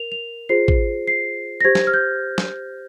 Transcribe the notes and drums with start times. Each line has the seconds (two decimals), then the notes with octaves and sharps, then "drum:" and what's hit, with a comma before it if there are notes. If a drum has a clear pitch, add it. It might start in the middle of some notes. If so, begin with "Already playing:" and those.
Already playing: A#4 F7
0.12 F7
0.49 F4 G#4 C5 C7
0.68 drum: kick
1.07 C7
1.61 A#6
1.64 G4 C5 G#6
1.75 drum: snare
1.87 F6
1.94 G6
2.38 drum: snare